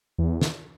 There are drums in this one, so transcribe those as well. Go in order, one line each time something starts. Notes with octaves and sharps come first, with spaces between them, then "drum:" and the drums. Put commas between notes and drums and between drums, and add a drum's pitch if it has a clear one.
E2
drum: snare